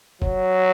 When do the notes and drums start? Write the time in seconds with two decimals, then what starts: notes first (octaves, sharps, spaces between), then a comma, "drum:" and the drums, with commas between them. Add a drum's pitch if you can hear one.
0.22 F#3, drum: kick F1